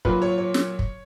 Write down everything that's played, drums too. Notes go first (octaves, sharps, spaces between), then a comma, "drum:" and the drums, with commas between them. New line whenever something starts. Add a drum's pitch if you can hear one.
A#2 F#3 B4, drum: kick
C#5
C#5
drum: snare
drum: kick